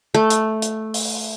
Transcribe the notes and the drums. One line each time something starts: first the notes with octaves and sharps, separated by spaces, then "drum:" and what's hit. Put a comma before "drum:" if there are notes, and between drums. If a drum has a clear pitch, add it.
A3
drum: hi-hat
drum: hi-hat
drum: open hi-hat